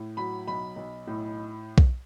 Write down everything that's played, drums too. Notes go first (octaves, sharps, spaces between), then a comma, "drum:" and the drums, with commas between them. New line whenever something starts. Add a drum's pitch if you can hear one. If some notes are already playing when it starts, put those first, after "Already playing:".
Already playing: A2
F#3 B5
B1 B5
B1
A2
drum: kick B1